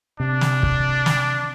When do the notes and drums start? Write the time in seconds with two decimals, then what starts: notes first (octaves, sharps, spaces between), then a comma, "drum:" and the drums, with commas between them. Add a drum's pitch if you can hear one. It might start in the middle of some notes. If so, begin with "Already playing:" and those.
0.20 C3 D4
0.41 drum: snare
0.63 drum: kick
1.06 drum: snare